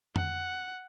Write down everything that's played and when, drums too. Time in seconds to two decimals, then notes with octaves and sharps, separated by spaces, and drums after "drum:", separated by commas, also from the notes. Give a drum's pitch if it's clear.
0.16 F#5, drum: tom F2